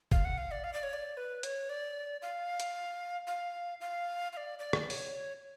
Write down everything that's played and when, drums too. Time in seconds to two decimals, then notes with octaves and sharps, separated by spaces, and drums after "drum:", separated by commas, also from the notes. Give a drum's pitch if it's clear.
0.12 F5, drum: kick
0.25 F#5
0.38 F5
0.51 D5
0.64 F5
0.74 D5
0.83 C#5
0.93 D5
1.17 B4
1.43 C#5, drum: hi-hat
1.70 D5
2.22 F5
2.60 drum: hi-hat
3.27 F5
3.81 F5
4.33 F5
4.37 D5
4.59 D5
4.73 drum: rim click
4.85 D5
4.90 C#5, drum: open hi-hat